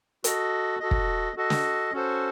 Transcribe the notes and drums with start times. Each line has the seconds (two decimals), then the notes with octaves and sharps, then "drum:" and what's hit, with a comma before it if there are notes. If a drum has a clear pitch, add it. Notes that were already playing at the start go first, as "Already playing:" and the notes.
0.24 F#4 A4 D#5, drum: hi-hat
0.80 F#4 A4 D#5
0.91 drum: kick
1.37 F#4 A4 D#5
1.50 drum: snare
1.92 C#4 F#4 A4 C5